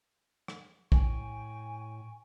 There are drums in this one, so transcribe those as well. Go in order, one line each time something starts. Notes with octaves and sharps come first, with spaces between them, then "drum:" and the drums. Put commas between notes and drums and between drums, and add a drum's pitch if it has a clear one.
drum: rim click
A2 G5 G#5 C#6, drum: kick